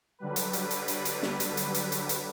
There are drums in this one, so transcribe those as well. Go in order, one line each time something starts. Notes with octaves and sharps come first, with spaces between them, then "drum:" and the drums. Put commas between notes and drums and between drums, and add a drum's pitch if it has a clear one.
D3 F#3 G3 B4
drum: hi-hat
drum: hi-hat
drum: hi-hat
drum: hi-hat
drum: hi-hat
drum: snare
drum: hi-hat
drum: hi-hat
drum: hi-hat
drum: hi-hat
drum: hi-hat